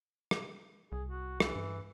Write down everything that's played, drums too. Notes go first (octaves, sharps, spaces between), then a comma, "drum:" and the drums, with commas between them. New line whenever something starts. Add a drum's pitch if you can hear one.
drum: rim click
C2 G#4
F#4
E3, drum: rim click
G2